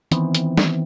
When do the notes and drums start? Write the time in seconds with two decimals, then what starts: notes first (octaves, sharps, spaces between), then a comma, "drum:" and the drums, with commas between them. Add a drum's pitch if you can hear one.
0.12 D#3 E3 B3 C4, drum: hi-hat
0.35 drum: hi-hat
0.57 drum: snare